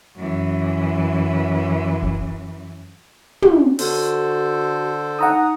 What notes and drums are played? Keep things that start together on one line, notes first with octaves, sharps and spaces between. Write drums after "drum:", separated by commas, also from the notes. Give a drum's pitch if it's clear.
F#2 E3
drum: kick F1
drum: tom
D3 F#4 A4 C5, drum: open hi-hat
D#4 F#5 A#5 D#6